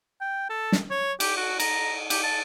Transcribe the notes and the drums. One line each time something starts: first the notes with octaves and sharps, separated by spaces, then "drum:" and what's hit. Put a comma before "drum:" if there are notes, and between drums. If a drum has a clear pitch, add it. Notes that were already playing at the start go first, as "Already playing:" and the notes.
G5
A4
drum: snare
C#5
G4, drum: cymbal
F#4
A#5, drum: cymbal
G4, drum: cymbal
A5